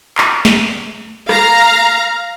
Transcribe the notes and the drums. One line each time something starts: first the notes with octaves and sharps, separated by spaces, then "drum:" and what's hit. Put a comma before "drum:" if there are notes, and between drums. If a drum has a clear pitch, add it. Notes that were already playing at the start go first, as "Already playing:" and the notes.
drum: clap
drum: snare
F5 A#5, drum: rim click